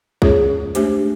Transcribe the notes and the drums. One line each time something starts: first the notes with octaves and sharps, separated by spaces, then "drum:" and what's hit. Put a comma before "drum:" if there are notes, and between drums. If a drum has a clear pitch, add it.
G#3 C#4 F4 G#4 C#5, drum: kick
A3 D4 G4 C5, drum: hi-hat